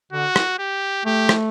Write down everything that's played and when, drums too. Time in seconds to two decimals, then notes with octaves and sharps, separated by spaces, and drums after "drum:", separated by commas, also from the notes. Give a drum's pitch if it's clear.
0.12 D3 F#4
0.36 drum: rim click
0.59 G4
1.05 A3 G4
1.29 drum: rim click